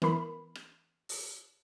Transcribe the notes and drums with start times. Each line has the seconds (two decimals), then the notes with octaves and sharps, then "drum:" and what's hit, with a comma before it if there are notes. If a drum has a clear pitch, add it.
0.02 E3 B3 A#4 B5, drum: rim click
0.55 drum: rim click
1.09 drum: open hi-hat